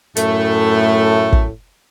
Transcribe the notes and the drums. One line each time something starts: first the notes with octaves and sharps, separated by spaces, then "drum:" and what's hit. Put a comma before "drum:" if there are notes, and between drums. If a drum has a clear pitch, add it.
F#2 A2 A3, drum: hi-hat
drum: kick